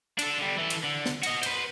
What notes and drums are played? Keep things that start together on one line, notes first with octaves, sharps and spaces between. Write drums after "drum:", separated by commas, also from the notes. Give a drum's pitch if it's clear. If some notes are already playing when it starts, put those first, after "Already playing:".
D4 A4, drum: cymbal
D3 G3
E3 A4
drum: cymbal
D3
drum: snare
F#4 D#5, drum: cymbal
B4 C5, drum: cymbal